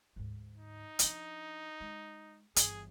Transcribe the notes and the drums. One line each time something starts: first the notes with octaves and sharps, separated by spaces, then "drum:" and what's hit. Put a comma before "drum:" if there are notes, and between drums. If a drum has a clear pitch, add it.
D2 G#2
D#4
F3 D4, drum: hi-hat
G#3
G1 E3 G#4, drum: hi-hat